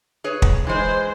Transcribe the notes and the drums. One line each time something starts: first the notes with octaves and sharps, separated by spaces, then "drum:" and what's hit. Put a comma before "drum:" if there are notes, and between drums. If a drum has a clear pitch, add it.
G#4 B4 C#5
drum: kick
E3 G#3 C5